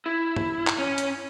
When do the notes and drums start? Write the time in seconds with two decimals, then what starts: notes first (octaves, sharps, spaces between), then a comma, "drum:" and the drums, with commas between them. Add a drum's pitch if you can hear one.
0.06 E4
0.36 drum: tom
0.67 drum: clap
0.78 C#4 C#5
0.98 drum: hi-hat